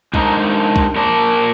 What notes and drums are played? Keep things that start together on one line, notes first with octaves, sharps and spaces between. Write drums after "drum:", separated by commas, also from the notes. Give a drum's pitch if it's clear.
G#3 D4 D#4 A#4 C5 A#5, drum: kick
drum: kick
A#2 A#4 D5 A5